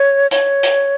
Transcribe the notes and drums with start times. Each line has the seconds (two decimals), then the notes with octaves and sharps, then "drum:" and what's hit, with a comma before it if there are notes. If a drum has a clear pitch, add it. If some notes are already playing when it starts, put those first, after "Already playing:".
Already playing: C#5
0.31 C#5, drum: hi-hat
0.63 drum: hi-hat